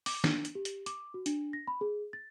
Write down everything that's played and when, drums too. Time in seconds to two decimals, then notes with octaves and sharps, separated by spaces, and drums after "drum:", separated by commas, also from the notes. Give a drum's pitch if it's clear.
0.06 D6, drum: open hi-hat
0.24 D4, drum: snare
0.45 drum: hi-hat
0.55 G4
0.65 drum: hi-hat
0.86 D6, drum: hi-hat
1.14 F#4
1.26 D4, drum: hi-hat
1.53 A#6
1.68 B5
1.81 G#4
2.13 A6